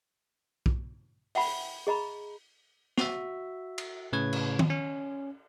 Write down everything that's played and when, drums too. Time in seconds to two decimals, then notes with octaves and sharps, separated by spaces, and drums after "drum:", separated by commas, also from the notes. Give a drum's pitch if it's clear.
0.66 drum: kick
1.35 E5 F#5 G5 B5, drum: open hi-hat
1.87 G#4 D#5 A#5 B5
2.98 F#4 E5, drum: snare
3.78 drum: cymbal
4.13 A2 C#3 B4 C#5 G#6
4.33 drum: cymbal
4.59 drum: tom D#3
4.70 C#4